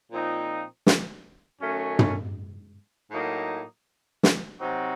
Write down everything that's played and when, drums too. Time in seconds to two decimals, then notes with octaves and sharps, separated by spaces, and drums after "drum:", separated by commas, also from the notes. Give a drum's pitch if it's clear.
0.11 A#2 F3 C4 D#4
0.87 drum: snare
1.62 F#2 D#3 A3 C#4
1.99 drum: tom
3.11 A2 F#3 A#3 D#4
4.23 drum: snare
4.60 C3 F#3 C4 D#4 F#4